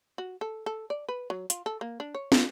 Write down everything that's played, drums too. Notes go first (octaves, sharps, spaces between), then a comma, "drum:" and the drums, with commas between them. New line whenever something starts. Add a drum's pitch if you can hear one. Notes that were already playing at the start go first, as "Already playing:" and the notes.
F#4
A4
A4
D5
B4
F#3
F4, drum: hi-hat
A4
A#3
D4
C#5
F4, drum: snare